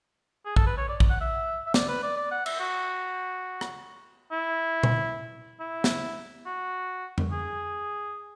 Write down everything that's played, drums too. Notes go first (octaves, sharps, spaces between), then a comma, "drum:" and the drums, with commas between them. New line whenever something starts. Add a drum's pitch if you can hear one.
G#4
A4, drum: kick A#1
B4
C#5
D5
drum: kick A#1
F#5
E5
E5
D5, drum: snare
B4
D5
D5
F#5
E5, drum: cymbal
F#4
drum: rim click
E4
drum: tom A#2
E4
drum: snare
F#4
drum: tom F2
G#4